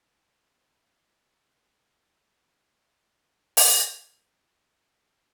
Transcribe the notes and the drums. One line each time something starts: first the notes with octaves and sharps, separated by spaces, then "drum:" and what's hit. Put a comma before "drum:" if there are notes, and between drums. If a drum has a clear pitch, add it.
C#6
A#3
A#2
E5 B5
drum: open hi-hat